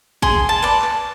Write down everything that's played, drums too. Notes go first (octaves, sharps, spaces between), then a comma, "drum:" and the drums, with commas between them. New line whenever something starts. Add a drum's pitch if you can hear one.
G#4 C6, drum: kick
A5
B4 D5
drum: clap